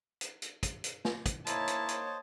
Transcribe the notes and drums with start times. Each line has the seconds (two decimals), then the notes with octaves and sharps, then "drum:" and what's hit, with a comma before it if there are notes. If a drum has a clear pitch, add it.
0.21 drum: hi-hat
0.42 drum: hi-hat
0.63 drum: kick, hi-hat
0.84 drum: hi-hat
1.05 drum: snare
1.26 drum: kick, hi-hat
1.47 D#3 A#3 E4 C5 C#5 D#5 A5 A#5, drum: hi-hat
1.68 drum: hi-hat
1.88 drum: hi-hat